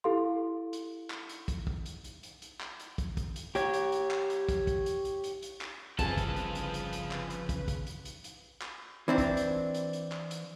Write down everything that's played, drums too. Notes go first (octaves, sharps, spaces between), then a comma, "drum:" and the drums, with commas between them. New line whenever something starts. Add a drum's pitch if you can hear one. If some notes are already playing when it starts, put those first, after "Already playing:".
E4 G4 A4 F5 C6
drum: hi-hat
drum: clap
drum: hi-hat
drum: kick, hi-hat
drum: kick
drum: hi-hat
drum: hi-hat
drum: hi-hat
drum: hi-hat
drum: clap
drum: hi-hat
drum: kick, hi-hat
drum: kick, hi-hat
drum: hi-hat
G4 C#5, drum: hi-hat
drum: hi-hat
drum: hi-hat
drum: clap
drum: hi-hat
drum: kick, hi-hat
drum: kick, hi-hat
drum: hi-hat
drum: hi-hat
drum: hi-hat
drum: hi-hat
drum: clap
G1 C2 C#3 F3 G#4 A4 B4 A5, drum: kick, hi-hat
drum: kick, hi-hat
drum: hi-hat
drum: hi-hat
drum: hi-hat
drum: hi-hat
drum: clap
drum: hi-hat
drum: kick, hi-hat
drum: kick, hi-hat
drum: hi-hat
drum: hi-hat
drum: hi-hat
drum: clap
E3 C4 D4
drum: kick, hi-hat
drum: hi-hat
drum: hi-hat
drum: hi-hat
drum: clap
drum: hi-hat